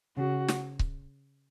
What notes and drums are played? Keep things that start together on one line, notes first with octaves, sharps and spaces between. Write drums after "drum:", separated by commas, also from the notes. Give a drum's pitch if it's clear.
C#3 F#4
drum: snare
drum: kick C#1